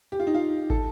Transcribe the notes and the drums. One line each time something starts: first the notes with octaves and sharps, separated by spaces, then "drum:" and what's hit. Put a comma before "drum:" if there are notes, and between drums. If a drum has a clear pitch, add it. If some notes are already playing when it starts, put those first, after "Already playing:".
G4
F4
D#4
F4
A4, drum: kick